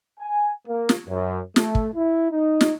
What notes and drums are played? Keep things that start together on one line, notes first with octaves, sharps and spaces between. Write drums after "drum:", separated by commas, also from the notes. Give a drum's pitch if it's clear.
G#5
A#3
drum: snare
F#2
A3, drum: snare
drum: kick
E4
D#4
drum: snare